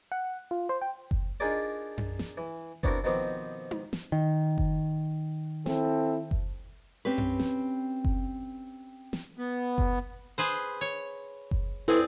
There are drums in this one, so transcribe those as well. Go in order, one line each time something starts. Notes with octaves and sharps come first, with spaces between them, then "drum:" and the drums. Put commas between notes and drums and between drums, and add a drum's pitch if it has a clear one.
F#5
F4
C5
G5
drum: kick F#1
D4 D#4 F4 G#4 A#4 D5
drum: tom F#2
drum: snare
E3
B3 C4 D4 E4 F#4 A#4, drum: kick F#1
B2 D#3 F3 B3 C4 G4
drum: tom D#4
drum: snare
D#3
drum: kick F#1
C4 E4 A4, drum: snare
drum: kick F#1
C4 C#4 G4 B4
drum: tom F#2
drum: snare
drum: kick F#1
drum: snare
B3
drum: kick F#1
G#4 B4 C5
C#5
drum: kick F#1
C4 E4 G#4 A4 B4 D5